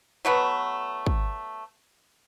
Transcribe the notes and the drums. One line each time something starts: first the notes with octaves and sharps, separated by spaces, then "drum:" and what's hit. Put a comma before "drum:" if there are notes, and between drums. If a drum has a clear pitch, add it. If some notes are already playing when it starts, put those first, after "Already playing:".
F#3 A3 B3
drum: kick